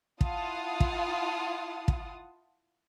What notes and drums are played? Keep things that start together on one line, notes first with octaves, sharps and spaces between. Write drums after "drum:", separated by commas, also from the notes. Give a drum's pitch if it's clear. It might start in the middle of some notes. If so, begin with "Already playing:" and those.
E4 F4 F5 F#5 A5 D#6, drum: kick
drum: kick
drum: kick